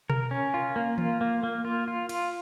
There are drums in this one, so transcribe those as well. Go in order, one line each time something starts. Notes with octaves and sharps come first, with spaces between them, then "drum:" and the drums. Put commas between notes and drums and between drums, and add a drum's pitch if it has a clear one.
A#4, drum: tom B2
C#4
F4
A#3
F4, drum: tom E3
A#3
A#3
F4
F4
F4, drum: cymbal